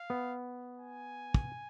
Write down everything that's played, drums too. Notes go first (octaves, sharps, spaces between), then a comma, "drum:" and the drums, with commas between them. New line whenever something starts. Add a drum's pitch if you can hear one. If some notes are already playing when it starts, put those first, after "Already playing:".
Already playing: F5
B3
G#5
drum: kick